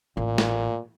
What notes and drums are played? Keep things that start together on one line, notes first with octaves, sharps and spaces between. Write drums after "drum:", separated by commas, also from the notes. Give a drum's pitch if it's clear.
A1 A#2
drum: snare